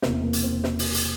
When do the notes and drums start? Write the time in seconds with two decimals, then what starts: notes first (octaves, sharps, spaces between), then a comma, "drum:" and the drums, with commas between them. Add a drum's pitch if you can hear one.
0.02 E1 E2 C3 A#3, drum: snare
0.23 A#3
0.33 drum: hi-hat
0.43 C4
0.64 drum: snare
0.79 drum: open hi-hat
0.94 drum: hi-hat